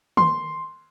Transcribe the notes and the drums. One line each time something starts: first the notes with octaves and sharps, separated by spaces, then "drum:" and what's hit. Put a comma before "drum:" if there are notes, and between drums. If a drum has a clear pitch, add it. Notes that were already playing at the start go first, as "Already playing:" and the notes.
C6, drum: tom D#3